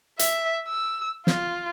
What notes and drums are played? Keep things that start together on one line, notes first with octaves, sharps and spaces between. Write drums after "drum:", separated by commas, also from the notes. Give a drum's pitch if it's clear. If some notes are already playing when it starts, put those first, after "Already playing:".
E5, drum: hi-hat
E6
F4, drum: snare